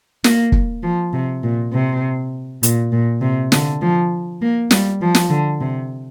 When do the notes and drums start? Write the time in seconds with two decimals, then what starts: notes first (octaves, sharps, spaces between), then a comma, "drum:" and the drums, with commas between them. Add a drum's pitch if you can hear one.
0.24 A#3, drum: snare
0.52 drum: kick
0.83 F3
1.13 C3
1.43 A#2
1.73 C3
2.63 A#2, drum: hi-hat
2.92 A#2
3.22 C3
3.52 D3, drum: snare
3.81 F3
4.41 A#3
4.71 G3, drum: snare
5.01 F3
5.15 drum: snare
5.30 D3
5.61 C3